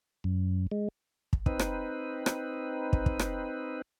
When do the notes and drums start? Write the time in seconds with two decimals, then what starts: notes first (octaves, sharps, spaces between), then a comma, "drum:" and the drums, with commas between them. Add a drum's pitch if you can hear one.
0.24 F#2
0.72 G#3
1.33 drum: kick
1.46 C4 D#4 B4, drum: kick
1.59 drum: rim click
2.26 drum: rim click
2.93 drum: kick
3.06 drum: kick
3.19 drum: rim click